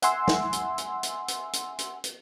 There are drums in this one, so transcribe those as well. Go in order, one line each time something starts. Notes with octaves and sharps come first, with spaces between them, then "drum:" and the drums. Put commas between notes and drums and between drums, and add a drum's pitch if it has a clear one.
E5 F#5 G#5 C6 E6, drum: hi-hat
drum: snare
drum: hi-hat
drum: hi-hat
drum: hi-hat
drum: hi-hat
drum: hi-hat
drum: hi-hat
drum: hi-hat